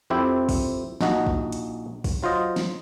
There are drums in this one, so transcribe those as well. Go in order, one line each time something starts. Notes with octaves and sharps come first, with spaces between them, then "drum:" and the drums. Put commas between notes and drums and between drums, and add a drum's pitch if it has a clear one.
F2 C4 E4 G4
drum: kick, open hi-hat
A#1 D#4 F#4, drum: snare
drum: kick
drum: hi-hat
drum: kick, open hi-hat
F#3 F4 C5 D#5
drum: snare